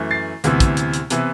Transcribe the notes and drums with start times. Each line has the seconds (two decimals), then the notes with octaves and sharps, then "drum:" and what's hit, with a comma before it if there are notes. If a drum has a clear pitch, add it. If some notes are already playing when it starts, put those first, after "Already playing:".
Already playing: F#2 E3 A3
0.11 A6 C7
0.44 D2 C3 E3 B3 E4, drum: hi-hat
0.60 drum: kick, hi-hat
0.77 drum: hi-hat
0.94 drum: hi-hat
1.10 C3 E3 B3 E4, drum: hi-hat